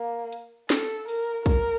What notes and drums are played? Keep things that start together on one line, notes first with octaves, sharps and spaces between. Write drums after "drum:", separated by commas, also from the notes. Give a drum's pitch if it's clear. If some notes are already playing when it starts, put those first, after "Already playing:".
Already playing: A#3
drum: hi-hat
A4, drum: snare
A#4, drum: open hi-hat
A#4, drum: kick A#1, hi-hat